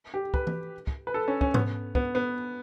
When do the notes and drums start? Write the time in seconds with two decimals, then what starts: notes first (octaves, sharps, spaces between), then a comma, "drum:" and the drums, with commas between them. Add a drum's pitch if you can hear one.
0.14 G4
0.34 B4, drum: kick
0.47 drum: tom E3
0.87 drum: kick
1.07 B4
1.14 A4
1.28 C#4
1.41 C#4, drum: kick
1.54 B3, drum: tom G#2
1.95 B3, drum: kick
2.15 B3